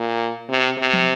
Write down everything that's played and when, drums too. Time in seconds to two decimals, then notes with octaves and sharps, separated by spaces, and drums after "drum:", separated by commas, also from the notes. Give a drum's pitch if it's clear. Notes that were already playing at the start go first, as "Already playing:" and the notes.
Already playing: A#2
0.49 C3
0.78 C3
0.93 drum: tom